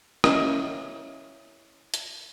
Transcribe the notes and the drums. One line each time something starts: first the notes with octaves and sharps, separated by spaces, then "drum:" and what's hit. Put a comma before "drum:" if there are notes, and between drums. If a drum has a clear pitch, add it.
C#4 E4 D#5 F5, drum: rim click
drum: hi-hat